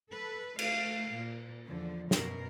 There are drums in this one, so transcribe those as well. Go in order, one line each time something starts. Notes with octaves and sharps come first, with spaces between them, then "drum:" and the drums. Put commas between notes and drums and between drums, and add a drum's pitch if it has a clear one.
A4 B4
A3 F5, drum: cymbal
A#2
E2 D3 F3
F#2 B2 A#4, drum: snare